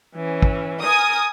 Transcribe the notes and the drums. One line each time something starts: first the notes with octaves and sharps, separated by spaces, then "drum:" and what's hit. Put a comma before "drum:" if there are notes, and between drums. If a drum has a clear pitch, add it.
E3 C#4
drum: kick
A#4 G#5 D#6